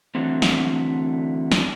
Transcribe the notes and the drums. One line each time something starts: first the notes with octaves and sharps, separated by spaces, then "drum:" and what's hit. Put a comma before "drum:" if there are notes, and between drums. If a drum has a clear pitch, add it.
D3 E3 F#3 A3 C4
drum: snare
drum: snare